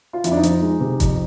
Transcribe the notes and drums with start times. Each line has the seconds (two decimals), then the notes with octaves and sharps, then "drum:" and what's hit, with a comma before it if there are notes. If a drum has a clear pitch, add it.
0.13 F4
0.24 F2 E4, drum: hi-hat
0.32 D4
0.36 D#4
0.43 F3, drum: hi-hat
0.50 D#4
0.62 G#3
0.80 C3
1.00 F2, drum: kick F#1, hi-hat